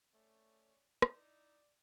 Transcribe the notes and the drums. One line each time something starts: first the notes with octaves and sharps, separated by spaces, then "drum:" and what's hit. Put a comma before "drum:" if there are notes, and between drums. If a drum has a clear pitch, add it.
A3 C#4 D5
D#4 E4 D5 D#5, drum: rim click